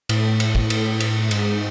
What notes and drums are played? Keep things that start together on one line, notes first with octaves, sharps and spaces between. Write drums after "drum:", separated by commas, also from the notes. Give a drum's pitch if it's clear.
A2, drum: cymbal
drum: cymbal
drum: kick
drum: cymbal
drum: cymbal
G#2, drum: cymbal